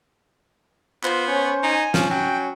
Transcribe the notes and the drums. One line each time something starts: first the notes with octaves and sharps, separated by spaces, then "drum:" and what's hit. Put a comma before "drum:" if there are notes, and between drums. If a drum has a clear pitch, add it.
B3 F4 C5, drum: clap
C#4 C5 C#5
D#4 G#5
F3 C#4, drum: snare
F#3 G5